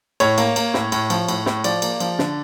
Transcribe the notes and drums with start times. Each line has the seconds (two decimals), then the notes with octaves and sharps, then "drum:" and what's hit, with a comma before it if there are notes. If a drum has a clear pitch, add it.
0.20 A2 C#5, drum: cymbal
0.38 A#3, drum: cymbal
0.56 A#3, drum: cymbal
0.74 A2, drum: snare
0.92 A2, drum: cymbal
1.10 F3, drum: cymbal
1.28 A2, drum: cymbal
1.46 A2, drum: snare
1.64 F3 D5, drum: cymbal
1.82 A#3, drum: cymbal
2.00 F3, drum: cymbal
2.19 D3, drum: snare